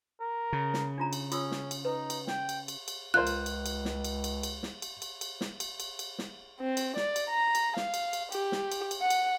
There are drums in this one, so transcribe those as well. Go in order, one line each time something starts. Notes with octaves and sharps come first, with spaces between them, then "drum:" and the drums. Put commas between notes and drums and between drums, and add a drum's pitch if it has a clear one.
A#4
C#3
drum: snare
D4 F4 A#5
drum: cymbal
C#4 F4 D#6 E6, drum: cymbal
drum: snare
drum: cymbal
D#4 B4
drum: cymbal
G5, drum: snare
drum: cymbal
drum: cymbal
drum: cymbal
C#2 F4 A#4 C5 F#6
drum: cymbal
drum: cymbal
drum: cymbal
drum: snare
drum: cymbal
drum: cymbal
drum: cymbal
drum: snare
drum: cymbal
drum: cymbal
drum: cymbal
drum: snare
drum: cymbal
drum: cymbal
drum: cymbal
drum: snare
C4
drum: cymbal
D5, drum: snare
drum: cymbal
A#5
drum: cymbal
F5, drum: snare
drum: cymbal
drum: cymbal
G4, drum: cymbal
drum: snare
drum: cymbal
drum: cymbal
F#5
drum: cymbal